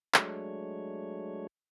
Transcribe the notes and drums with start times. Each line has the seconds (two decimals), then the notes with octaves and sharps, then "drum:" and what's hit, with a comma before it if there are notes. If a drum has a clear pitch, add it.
0.14 F#3 G#3 A3 D4 C#5, drum: clap